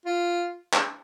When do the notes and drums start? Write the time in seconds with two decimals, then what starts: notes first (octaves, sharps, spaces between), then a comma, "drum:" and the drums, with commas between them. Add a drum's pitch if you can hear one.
0.06 F4
0.73 drum: clap